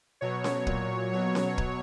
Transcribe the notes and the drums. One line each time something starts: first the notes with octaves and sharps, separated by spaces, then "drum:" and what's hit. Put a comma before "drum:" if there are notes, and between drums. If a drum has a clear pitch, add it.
B2 F#3 C#5
drum: snare C#4
A#2 F#3 C#5, drum: kick
B2 F#3 C#5
drum: snare C#4
drum: kick